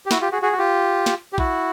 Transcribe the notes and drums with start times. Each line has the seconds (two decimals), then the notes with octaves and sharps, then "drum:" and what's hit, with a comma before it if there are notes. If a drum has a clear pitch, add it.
0.06 G4
0.11 E4 F#4, drum: snare
0.21 F4 G4
0.32 F#4 G#4
0.42 F#4 G#4
0.53 F#4
0.58 F4 G4
1.06 drum: snare
1.33 G4
1.38 E4 F#4, drum: kick A#1